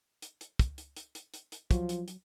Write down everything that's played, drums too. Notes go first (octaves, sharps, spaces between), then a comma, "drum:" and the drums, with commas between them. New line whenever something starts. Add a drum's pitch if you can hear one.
drum: hi-hat
drum: hi-hat
drum: kick, hi-hat
drum: hi-hat
drum: hi-hat
drum: hi-hat
drum: hi-hat
drum: hi-hat
F3 F#3, drum: kick, hi-hat
drum: hi-hat
drum: hi-hat